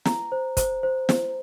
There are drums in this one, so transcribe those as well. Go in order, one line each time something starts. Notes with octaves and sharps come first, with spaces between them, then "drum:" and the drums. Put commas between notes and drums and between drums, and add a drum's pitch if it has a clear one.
A#5, drum: snare
C5
C5, drum: kick, hi-hat
C5
C5, drum: snare